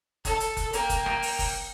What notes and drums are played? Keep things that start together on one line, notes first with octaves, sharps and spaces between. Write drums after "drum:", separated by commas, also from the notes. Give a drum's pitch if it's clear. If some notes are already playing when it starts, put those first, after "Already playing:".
A4, drum: kick F#1, hi-hat
drum: hi-hat
drum: kick F#1, hi-hat
A#3 G5, drum: hi-hat
drum: kick F#1, hi-hat
drum: rim click
drum: open hi-hat
drum: kick F#1, open hi-hat